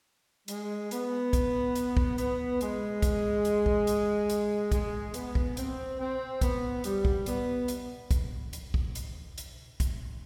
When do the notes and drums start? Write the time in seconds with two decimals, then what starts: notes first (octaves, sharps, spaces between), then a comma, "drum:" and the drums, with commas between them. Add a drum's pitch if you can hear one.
0.48 G#3, drum: hi-hat
0.91 B3, drum: hi-hat
1.33 drum: kick, hi-hat
1.75 drum: hi-hat
1.97 drum: kick
2.18 B3, drum: hi-hat
2.61 G#3, drum: hi-hat
3.02 drum: kick, hi-hat
3.45 drum: hi-hat
3.66 drum: kick
3.87 drum: hi-hat
4.29 drum: hi-hat
4.72 G#3, drum: kick, hi-hat
5.14 B3, drum: hi-hat
5.35 drum: kick
5.57 C4, drum: hi-hat
5.99 C4
6.41 B3, drum: kick, hi-hat
6.84 G3, drum: hi-hat
7.05 drum: kick
7.26 B3, drum: hi-hat
7.68 drum: hi-hat
8.11 drum: kick, hi-hat
8.53 drum: hi-hat
8.74 drum: kick
8.95 drum: hi-hat
9.38 drum: hi-hat
9.80 drum: kick, hi-hat